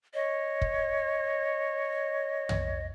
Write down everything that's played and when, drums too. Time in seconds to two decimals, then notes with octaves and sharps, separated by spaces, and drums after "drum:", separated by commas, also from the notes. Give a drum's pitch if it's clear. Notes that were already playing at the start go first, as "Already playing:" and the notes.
0.14 C#5 D#5
0.61 drum: kick
2.49 drum: tom